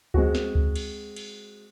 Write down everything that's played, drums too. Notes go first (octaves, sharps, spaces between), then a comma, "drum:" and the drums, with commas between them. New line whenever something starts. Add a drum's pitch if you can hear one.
G#3 C4 F#4, drum: kick C#2
drum: snare
drum: kick C#2
drum: cymbal
drum: cymbal